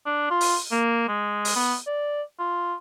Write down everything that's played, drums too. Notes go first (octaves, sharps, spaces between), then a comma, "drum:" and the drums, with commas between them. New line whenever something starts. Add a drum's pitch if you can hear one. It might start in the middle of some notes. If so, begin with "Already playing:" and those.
D4
F4
drum: open hi-hat
A#3
G#3
drum: open hi-hat
B3
D5
F4